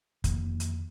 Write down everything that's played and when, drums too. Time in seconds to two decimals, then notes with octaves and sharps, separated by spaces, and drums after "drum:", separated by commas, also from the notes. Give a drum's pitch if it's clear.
0.24 F2 D#3 A#3, drum: kick F1, hi-hat
0.60 drum: hi-hat